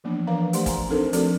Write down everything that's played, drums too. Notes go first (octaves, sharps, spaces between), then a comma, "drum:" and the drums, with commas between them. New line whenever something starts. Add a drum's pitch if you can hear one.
E3 F3 A#3 B3 D4
E3 F3 A#4 B4 F5 A#5
A3 G4 C5 D5 F#5 C6, drum: hi-hat
G#5 A#5, drum: kick, hi-hat
C4 D4 D#4 A4 A#4 C5
F3 A3 C4 F#4 A4 D5, drum: hi-hat